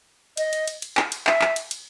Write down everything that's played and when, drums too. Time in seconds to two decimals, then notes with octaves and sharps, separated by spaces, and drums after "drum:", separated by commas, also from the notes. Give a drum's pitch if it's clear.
0.37 D#5, drum: cymbal
0.53 drum: cymbal
0.67 drum: cymbal
0.82 drum: cymbal
0.97 drum: clap
1.12 drum: cymbal
1.27 E5, drum: clap
1.41 drum: clap
1.56 drum: cymbal
1.71 drum: cymbal